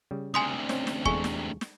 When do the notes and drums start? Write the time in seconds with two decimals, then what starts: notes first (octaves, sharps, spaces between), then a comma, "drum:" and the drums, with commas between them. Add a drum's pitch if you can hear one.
0.11 C#3 G3
0.34 D2 C3 G#5 C6 D#6
0.69 C4 C#4 D#5, drum: snare
0.87 drum: snare
1.05 E2 G#3 A4 G#5 C#6, drum: kick
1.24 drum: snare
1.61 drum: snare